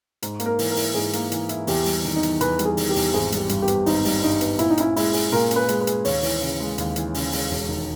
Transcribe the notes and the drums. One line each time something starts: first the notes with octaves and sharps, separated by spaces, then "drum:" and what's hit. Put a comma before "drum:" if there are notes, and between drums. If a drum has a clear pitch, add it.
G#2, drum: hi-hat
A#3, drum: hi-hat
A#4
E3, drum: open hi-hat
A#4
E4, drum: open hi-hat
G#2 G#4
A#3, drum: hi-hat
E3, drum: hi-hat
E4, drum: hi-hat
E2 G4, drum: open hi-hat
G3, drum: open hi-hat
D#3
D#4
E2, drum: hi-hat
E2 B4, drum: hi-hat
G3, drum: hi-hat
G#4
D#3, drum: open hi-hat
G4
E2, drum: open hi-hat
G#1 G#4
G3 G4, drum: hi-hat
G2, drum: hi-hat
G4
B3, drum: hi-hat
G#1 D#4, drum: open hi-hat
G3, drum: open hi-hat
G2 D#4
B3, drum: hi-hat
A#2 E4, drum: hi-hat
D#4
C#4 E4, drum: hi-hat
G#3 E4, drum: open hi-hat
G#4, drum: open hi-hat
A#2 A#4
C#4, drum: hi-hat
B4
G#3, drum: hi-hat
B4
G#4, drum: hi-hat
D#2 C#5, drum: open hi-hat
E3, drum: open hi-hat
C#3
G#3
D#2, drum: hi-hat
E3, drum: hi-hat
C#3, drum: open hi-hat
G#3, drum: open hi-hat
E1
D#3